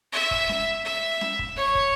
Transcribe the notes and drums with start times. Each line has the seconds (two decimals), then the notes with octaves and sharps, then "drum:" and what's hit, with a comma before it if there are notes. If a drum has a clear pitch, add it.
0.13 E5
0.31 drum: kick
0.49 drum: snare C#4
0.85 E5
1.21 drum: snare C#4
1.39 drum: kick
1.57 C#5
1.75 drum: kick